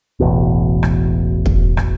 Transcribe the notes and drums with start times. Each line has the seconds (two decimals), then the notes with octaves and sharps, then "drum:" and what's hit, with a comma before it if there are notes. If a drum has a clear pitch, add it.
0.20 E1 A1 E2 B2
0.83 drum: rim click
1.46 drum: kick
1.77 drum: rim click